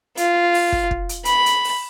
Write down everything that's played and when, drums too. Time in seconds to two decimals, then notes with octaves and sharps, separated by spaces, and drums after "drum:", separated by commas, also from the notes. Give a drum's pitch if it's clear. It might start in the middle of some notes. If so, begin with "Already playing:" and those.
0.17 F4, drum: hi-hat
0.54 drum: open hi-hat
0.72 drum: kick
0.91 drum: kick
1.09 drum: hi-hat
1.25 B5, drum: hi-hat
1.46 drum: hi-hat
1.64 drum: open hi-hat